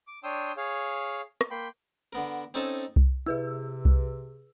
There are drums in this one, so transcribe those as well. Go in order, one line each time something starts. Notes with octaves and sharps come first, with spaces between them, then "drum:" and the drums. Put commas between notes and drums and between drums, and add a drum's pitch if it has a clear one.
D6
D4 C#5 G5 C6 D#6 E6
G#4 C#5 F5
drum: rim click
A#3 G5 B5 C6
D3 B3 A#4
C4 C#4 D#4 A4 G#5 A5
drum: kick C2
C3 E4 G#4 B4 E6
drum: kick C2